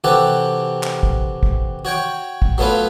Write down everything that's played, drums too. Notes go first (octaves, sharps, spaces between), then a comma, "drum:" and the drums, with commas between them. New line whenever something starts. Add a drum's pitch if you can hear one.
C3 E3 F#4 G4 A4 F#5
drum: clap
drum: kick
drum: kick
F#4 C#5 G5 C#6
drum: kick
F#3 A3 B3 F4 B4